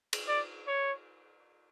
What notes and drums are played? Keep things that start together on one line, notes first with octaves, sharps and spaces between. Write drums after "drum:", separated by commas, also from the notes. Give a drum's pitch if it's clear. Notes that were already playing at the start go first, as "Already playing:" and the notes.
drum: cymbal
D5
C#5